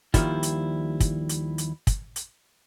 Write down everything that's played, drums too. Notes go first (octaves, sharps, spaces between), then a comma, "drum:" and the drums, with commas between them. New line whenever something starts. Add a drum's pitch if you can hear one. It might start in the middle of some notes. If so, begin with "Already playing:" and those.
D#2 D#3 F3 G3 E4 F4, drum: kick, hi-hat
drum: hi-hat
drum: kick, hi-hat
drum: hi-hat
drum: hi-hat
drum: kick, hi-hat
drum: hi-hat